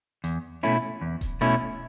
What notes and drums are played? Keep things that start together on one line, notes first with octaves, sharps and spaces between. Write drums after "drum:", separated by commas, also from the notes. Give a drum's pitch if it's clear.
E2, drum: hi-hat
B2 A3 C#4 E4, drum: open hi-hat
E2
drum: kick D#1, hi-hat
B2 A3 C#4 E4, drum: hi-hat